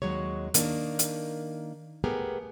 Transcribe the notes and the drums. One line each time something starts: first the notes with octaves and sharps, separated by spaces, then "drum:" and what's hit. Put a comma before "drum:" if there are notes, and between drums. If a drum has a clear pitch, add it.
D#2 F#3 G#3 C#5
D#3 A#3 D4, drum: hi-hat
drum: hi-hat
A3 B3 G4 G#4 A#4